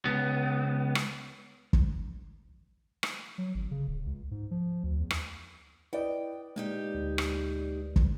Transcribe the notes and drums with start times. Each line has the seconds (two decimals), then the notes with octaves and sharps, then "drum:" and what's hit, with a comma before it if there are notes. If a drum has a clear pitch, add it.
0.05 C#2 B3
0.95 drum: rim click
1.73 drum: kick
3.03 drum: rim click
3.38 F#3
3.55 G#1
3.71 C#3
3.87 D1
4.06 C#2
4.31 G#2
4.51 F3
4.83 D2
5.00 E2
5.10 drum: rim click
5.93 E4 B4 D5 D#5 G5
6.56 A#2 G#3 D#4 G4
6.94 D2
7.18 drum: rim click
7.96 drum: kick